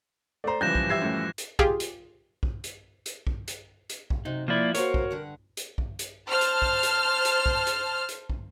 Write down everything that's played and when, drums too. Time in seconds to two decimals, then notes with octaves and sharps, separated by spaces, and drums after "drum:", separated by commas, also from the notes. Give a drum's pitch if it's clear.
0.44 A3 C5 D5 A#5
0.61 C#2 E3 F3 G3 F#6 G6 A#6 E7
0.75 drum: kick
0.89 G4 E5 E6 G#6 C7
1.01 F#2 A2
1.38 drum: hi-hat
1.59 F4 G4 G#4, drum: kick
1.80 drum: hi-hat
2.43 drum: kick
2.64 drum: hi-hat
3.06 drum: hi-hat
3.27 drum: kick
3.48 drum: hi-hat
3.89 drum: hi-hat
4.10 drum: kick
4.25 C3 F#3 D#4
4.48 F3 A#3 E4 D5
4.74 A#3 F#4 A#4 C5 C#5, drum: hi-hat
4.94 drum: kick
5.11 G2 D3 F#5
5.57 drum: hi-hat
5.78 drum: kick
5.99 drum: hi-hat
6.29 C5 A5 F6
6.41 drum: hi-hat
6.62 drum: kick
6.83 drum: hi-hat
7.25 drum: hi-hat
7.46 drum: kick
7.67 drum: hi-hat
8.09 drum: hi-hat
8.29 drum: kick